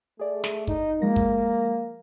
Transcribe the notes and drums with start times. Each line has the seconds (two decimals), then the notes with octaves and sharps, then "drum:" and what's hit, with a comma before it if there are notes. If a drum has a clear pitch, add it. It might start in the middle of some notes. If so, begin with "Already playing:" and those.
0.19 A3 G#4 D5
0.44 drum: snare
0.67 D#4, drum: kick
1.02 F3 G#3 A#3 A#6
1.16 drum: kick